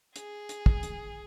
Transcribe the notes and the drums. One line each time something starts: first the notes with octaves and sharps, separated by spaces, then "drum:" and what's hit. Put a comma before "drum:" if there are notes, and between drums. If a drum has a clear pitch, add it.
G#4, drum: hi-hat
drum: hi-hat
drum: kick
drum: hi-hat